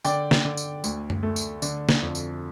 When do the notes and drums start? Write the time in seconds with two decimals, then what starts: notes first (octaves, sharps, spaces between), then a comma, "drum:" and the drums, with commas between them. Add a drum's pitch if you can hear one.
0.05 D3 D5 G5, drum: tambourine
0.31 drum: snare
0.45 D3
0.57 drum: tambourine
0.84 D2, drum: tambourine
1.10 drum: tom F#2
1.23 A3
1.36 drum: tambourine
1.62 D3, drum: tambourine
1.89 drum: snare
2.02 F2
2.15 drum: tambourine